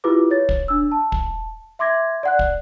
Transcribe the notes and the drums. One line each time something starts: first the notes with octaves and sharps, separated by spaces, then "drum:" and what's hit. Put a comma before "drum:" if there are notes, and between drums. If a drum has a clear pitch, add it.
E4 F4 G4 G#4 B4 D6
C#5 A6
drum: kick
D4 E6
A5
drum: kick
E5 C6 D6 G#6 A#6
D5 F#5 F#6
drum: kick